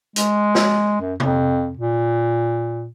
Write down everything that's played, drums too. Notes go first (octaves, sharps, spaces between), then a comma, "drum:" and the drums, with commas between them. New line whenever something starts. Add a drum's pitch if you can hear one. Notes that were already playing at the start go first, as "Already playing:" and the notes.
G#3, drum: hi-hat
drum: snare
F#2
F2, drum: tom C3
A#2